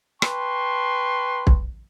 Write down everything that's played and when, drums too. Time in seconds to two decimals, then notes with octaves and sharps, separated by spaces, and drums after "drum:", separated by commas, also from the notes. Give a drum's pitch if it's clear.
0.22 B4 G5 A5 C6 C#6, drum: rim click
1.47 drum: kick